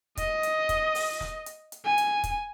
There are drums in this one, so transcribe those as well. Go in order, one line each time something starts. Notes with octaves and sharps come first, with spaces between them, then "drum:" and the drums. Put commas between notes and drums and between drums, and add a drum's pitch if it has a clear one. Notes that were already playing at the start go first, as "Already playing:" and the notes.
D#5, drum: kick, hi-hat
drum: hi-hat
drum: kick, hi-hat
drum: open hi-hat
drum: snare
drum: hi-hat
drum: hi-hat
G#5
drum: hi-hat
drum: kick, hi-hat